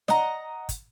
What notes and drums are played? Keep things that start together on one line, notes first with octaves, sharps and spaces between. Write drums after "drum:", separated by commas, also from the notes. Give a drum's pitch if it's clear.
D#5 F#5 A#5, drum: snare
drum: kick, hi-hat